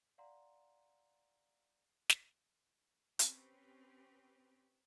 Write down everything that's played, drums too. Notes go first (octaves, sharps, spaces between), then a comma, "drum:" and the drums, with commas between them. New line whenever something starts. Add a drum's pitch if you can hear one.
D5 F5 F#5 A#5 C6
drum: snare
C4 C#4 G4 B4, drum: hi-hat